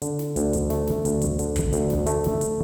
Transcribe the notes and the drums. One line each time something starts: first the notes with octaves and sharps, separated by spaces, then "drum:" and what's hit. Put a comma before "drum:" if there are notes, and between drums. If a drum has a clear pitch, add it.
D3, drum: hi-hat
drum: snare
D2, drum: hi-hat
drum: hi-hat
A3, drum: snare
drum: snare
D2, drum: hi-hat
drum: hi-hat
D3, drum: hi-hat
drum: kick, hi-hat
D2, drum: hi-hat
drum: snare
A3, drum: hi-hat
drum: snare
drum: hi-hat